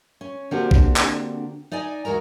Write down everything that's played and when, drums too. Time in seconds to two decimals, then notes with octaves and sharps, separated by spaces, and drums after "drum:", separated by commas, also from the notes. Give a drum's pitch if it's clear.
0.21 C#4
0.51 D3 A#3 C4 D4 F#4 G4
0.71 drum: kick
0.96 drum: clap
1.72 D#4 D5 D#5 G#5
2.05 E2 G#3 F#4 A#4 A#5